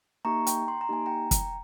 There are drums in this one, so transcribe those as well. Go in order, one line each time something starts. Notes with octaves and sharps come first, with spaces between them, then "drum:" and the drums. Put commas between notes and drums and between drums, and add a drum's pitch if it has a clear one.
A#3 D#4 G4 A#5 C#6
G5 A#5, drum: hi-hat
C6
A#5
A#3 D#4 G4 G#5
G5 A#5
drum: kick, hi-hat